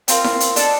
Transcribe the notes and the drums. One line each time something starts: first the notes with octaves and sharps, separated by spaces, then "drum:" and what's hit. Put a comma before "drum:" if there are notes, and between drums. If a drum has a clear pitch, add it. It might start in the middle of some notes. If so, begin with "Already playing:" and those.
C4 F4 A#4, drum: hi-hat
drum: snare E4
drum: hi-hat
D4 A4 D#5 A5, drum: hi-hat